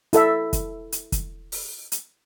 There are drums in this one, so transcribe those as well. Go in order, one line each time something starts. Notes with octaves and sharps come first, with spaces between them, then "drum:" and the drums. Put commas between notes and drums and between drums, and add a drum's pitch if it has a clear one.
E4 A4 E5, drum: hi-hat
drum: kick, hi-hat
drum: hi-hat
drum: kick, hi-hat
drum: open hi-hat
drum: hi-hat